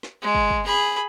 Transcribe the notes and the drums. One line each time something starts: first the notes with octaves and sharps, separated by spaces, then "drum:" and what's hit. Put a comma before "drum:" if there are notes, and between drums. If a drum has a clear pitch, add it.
drum: snare
G#3
drum: kick
drum: kick
G#4 B5